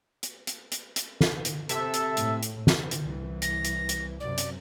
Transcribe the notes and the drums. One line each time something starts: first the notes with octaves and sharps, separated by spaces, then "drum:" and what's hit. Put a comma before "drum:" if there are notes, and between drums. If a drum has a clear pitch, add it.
drum: hi-hat
drum: hi-hat
drum: hi-hat
drum: hi-hat
drum: snare
drum: hi-hat
C3 A4 E5, drum: hi-hat
drum: hi-hat
A2, drum: hi-hat
drum: hi-hat
drum: snare
drum: hi-hat
C2 E3
A#6, drum: hi-hat
drum: hi-hat
drum: hi-hat
F#2 C3 D5
drum: hi-hat